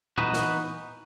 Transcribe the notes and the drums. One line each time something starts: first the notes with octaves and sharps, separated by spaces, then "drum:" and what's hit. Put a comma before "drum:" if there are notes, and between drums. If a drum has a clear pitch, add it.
E3 B3 D#4 F#4 B4, drum: tom A#2
drum: snare